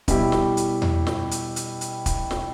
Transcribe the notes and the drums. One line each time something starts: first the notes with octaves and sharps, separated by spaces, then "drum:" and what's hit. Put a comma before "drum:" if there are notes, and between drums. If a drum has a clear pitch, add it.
B2 G3 E4 G4, drum: kick, hi-hat
drum: snare
drum: hi-hat
drum: tom E2
drum: snare
drum: hi-hat
drum: hi-hat
drum: hi-hat
drum: kick, hi-hat
drum: snare